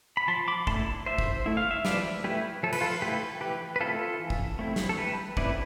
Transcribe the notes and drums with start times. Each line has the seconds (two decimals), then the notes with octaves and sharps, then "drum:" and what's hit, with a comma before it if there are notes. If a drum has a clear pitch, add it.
0.17 B5
0.28 F3 A5 C6
0.48 B5 D6
0.67 A3 E4 A5 C6, drum: kick
1.06 F3 C5 E5
1.18 drum: kick
1.46 A3 E4
1.57 F5
1.71 E5
1.85 F3 B4 D5, drum: snare
2.24 A3 E4 G4 B4
2.63 F3 A4
2.73 B4, drum: cymbal
2.81 F4 A4
3.02 A3 E4 G4 B4
3.41 E3 G4 B4
3.76 B4
3.80 A3 C4 E4 F4 A4
4.19 E3
4.30 drum: kick
4.59 A3 C4 E4
4.76 drum: snare
4.89 A4
4.98 E3 G4 B4
5.37 A3 C4 E4 B4 D5, drum: kick